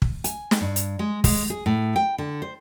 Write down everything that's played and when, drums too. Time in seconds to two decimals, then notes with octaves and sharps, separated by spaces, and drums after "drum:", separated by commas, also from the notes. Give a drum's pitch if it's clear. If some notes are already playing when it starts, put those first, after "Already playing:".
0.02 drum: kick
0.24 G#5, drum: hi-hat
0.51 drum: snare
0.61 G2
0.76 drum: hi-hat
0.99 G#3
1.24 G#3, drum: kick, open hi-hat
1.50 G#4
1.66 A2
1.96 G5
2.18 D3
2.42 C5